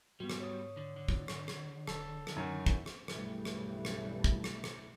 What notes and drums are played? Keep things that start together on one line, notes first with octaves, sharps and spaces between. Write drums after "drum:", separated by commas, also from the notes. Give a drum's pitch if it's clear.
G#2 G3 B3 F#4
drum: rim click
C#5 D#6
D3
D3
drum: kick
drum: rim click
drum: rim click
D#1 A4, drum: rim click
drum: rim click
F#2 D#3 E3
drum: kick
drum: rim click
B1 G2 C#3 E3 G3 A3, drum: rim click
drum: rim click
drum: rim click
drum: kick
drum: rim click
drum: rim click